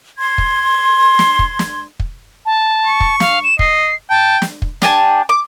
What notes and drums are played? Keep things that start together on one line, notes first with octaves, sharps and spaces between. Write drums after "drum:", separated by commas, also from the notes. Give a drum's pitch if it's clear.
C6 G#6
drum: kick
drum: snare
drum: kick
drum: snare
drum: kick
A5
C#6
drum: kick
F5, drum: snare
E7
D#5 C7, drum: kick
G5 A5
drum: snare
drum: kick
D4 G4 G#5 A5, drum: snare
D6